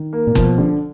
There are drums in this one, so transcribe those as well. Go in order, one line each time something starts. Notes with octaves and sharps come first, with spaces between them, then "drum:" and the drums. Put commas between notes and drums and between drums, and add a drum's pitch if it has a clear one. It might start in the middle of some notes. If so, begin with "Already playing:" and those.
Already playing: D#3
A#3
A#2
B2 F3, drum: kick F#1
D3